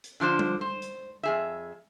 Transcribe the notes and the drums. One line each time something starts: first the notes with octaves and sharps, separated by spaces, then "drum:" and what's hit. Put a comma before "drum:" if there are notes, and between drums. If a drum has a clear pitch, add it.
drum: hi-hat
D3 F3 D4 C5
drum: tom G3
C5
drum: hi-hat
F2 G#4 E5